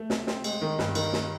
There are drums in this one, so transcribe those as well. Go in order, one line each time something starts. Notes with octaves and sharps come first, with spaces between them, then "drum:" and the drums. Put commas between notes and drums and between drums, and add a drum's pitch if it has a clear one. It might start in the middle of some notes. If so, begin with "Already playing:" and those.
Already playing: A3
C3, drum: snare
C4, drum: snare
G#3, drum: cymbal
D#3
G2, drum: snare
D#3, drum: cymbal
drum: snare